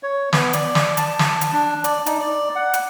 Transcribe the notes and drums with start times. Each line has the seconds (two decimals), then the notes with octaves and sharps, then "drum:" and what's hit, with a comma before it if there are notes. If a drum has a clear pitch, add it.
0.03 C#5
0.33 B3, drum: snare
0.53 D5, drum: hi-hat
0.75 drum: snare
0.97 A5, drum: hi-hat
1.19 drum: snare
1.41 drum: hi-hat
1.53 D4
1.84 D5, drum: hi-hat
2.06 D#4, drum: hi-hat
2.20 D5
2.55 F#5
2.74 drum: hi-hat